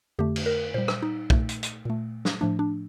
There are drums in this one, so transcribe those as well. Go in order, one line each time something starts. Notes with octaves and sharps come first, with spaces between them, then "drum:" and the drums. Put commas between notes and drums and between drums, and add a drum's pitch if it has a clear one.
F2 D3 A3 G4
drum: cymbal
A#4
A#2 G3 C5
drum: rim click
D#4
A#2 A3, drum: kick B1
drum: hi-hat
drum: hi-hat
A#2 A3
drum: snare
A2 F3 A3 D4
D4